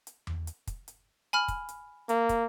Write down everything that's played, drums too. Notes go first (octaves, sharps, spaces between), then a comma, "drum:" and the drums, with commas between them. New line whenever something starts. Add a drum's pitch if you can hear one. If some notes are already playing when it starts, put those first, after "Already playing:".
drum: hi-hat
drum: tom E2
drum: hi-hat
drum: kick, hi-hat
drum: hi-hat
G#5 B5 F6
drum: kick, hi-hat
drum: hi-hat
A#3, drum: hi-hat
drum: kick, hi-hat